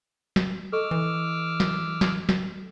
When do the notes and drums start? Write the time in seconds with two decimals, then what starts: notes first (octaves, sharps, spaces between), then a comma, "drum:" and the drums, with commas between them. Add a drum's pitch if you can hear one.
0.36 drum: snare
0.73 A4 D#5 C#6 D6 E6 F6
0.91 E3
1.60 drum: snare
2.01 drum: snare
2.29 drum: snare